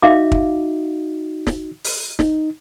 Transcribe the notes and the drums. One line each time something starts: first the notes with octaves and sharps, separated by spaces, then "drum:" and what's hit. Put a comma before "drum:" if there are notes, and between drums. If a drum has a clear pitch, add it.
D#4 F#4 E5 F5 D6
drum: kick
drum: snare
drum: open hi-hat
D#4, drum: snare